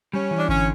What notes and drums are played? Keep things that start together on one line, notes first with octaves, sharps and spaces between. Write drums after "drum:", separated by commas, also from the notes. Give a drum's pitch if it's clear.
G3 C#4
E3
D4
D3 C#4, drum: kick G#1